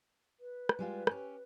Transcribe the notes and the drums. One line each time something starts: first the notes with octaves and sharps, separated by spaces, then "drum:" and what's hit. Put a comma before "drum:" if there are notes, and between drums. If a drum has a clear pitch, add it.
B4
drum: rim click
G3 G#3 F4
C#4 G4, drum: rim click